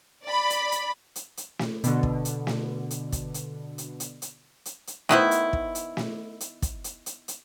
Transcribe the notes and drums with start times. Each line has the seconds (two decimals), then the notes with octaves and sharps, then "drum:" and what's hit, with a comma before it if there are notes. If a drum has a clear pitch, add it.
0.24 D5 B5
0.50 drum: hi-hat
0.72 drum: hi-hat
1.16 drum: hi-hat
1.37 drum: hi-hat
1.59 drum: snare
1.84 B2 D3, drum: hi-hat
2.03 drum: kick
2.25 drum: hi-hat
2.47 drum: snare
2.91 drum: hi-hat
3.12 drum: kick, hi-hat
3.34 drum: hi-hat
3.78 drum: hi-hat
4.00 drum: hi-hat
4.22 drum: hi-hat
4.66 drum: hi-hat
4.87 drum: hi-hat
5.09 D#3 B3 E4 C5, drum: snare
5.31 drum: hi-hat
5.53 drum: kick
5.75 drum: hi-hat
5.97 drum: snare
6.40 drum: hi-hat
6.62 drum: kick, hi-hat
6.84 drum: hi-hat
7.06 drum: hi-hat
7.28 drum: hi-hat